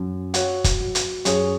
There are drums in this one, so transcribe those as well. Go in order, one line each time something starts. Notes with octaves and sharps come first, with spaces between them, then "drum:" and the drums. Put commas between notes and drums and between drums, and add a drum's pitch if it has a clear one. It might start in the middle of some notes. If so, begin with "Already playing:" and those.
Already playing: F#2
F#3 C#5 F#5, drum: hi-hat
drum: kick, hi-hat
F#3
drum: hi-hat
F#2 G#4 C#5, drum: hi-hat